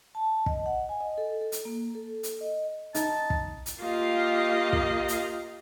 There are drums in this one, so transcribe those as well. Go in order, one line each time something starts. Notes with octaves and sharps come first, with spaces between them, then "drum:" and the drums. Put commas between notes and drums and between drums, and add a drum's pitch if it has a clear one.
A5
D#5, drum: kick
F#5
G#5
D#5
A4
A4
drum: hi-hat
A#3
A4
drum: hi-hat
D#5
D#4 A5, drum: hi-hat
drum: kick
drum: hi-hat
A#3 F4 G4 D#5 F5
drum: kick
drum: hi-hat